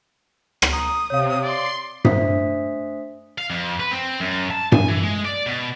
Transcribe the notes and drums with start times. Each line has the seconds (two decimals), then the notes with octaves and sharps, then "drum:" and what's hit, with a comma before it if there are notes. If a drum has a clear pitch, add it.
0.62 drum: rim click
0.73 A#5 D#6
1.10 C3 C#5 F5
1.43 D5 C6
2.05 A3 D4 C5 E5 D#6 B6, drum: tom G2
3.38 F5
3.50 F2
3.80 B4
3.91 C4
4.20 F#2
4.51 A5
4.72 G#5, drum: tom G2
4.89 E3
5.03 G#3
5.25 D5
5.46 B2